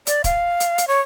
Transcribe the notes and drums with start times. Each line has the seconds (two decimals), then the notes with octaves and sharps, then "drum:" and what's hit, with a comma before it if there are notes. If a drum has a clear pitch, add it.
0.07 D5, drum: hi-hat
0.24 F5, drum: kick, hi-hat
0.60 drum: hi-hat
0.78 drum: hi-hat
0.88 C#5